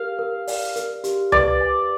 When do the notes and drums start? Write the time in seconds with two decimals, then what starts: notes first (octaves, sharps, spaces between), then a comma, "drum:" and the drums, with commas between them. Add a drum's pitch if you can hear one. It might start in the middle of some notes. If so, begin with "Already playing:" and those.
Already playing: G4 A#4 F5
0.19 A#4
0.47 D5, drum: open hi-hat
0.76 A#4, drum: hi-hat
1.04 G4, drum: hi-hat
1.32 B4 D5, drum: tom C#2
1.61 G#5